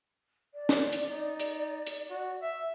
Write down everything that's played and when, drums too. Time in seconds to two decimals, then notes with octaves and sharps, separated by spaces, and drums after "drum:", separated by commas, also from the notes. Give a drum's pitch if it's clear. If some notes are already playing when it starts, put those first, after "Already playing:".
0.54 D5
0.69 drum: snare
0.93 drum: hi-hat
1.10 D#4
1.40 drum: hi-hat
1.87 drum: hi-hat
2.10 F#4
2.42 E5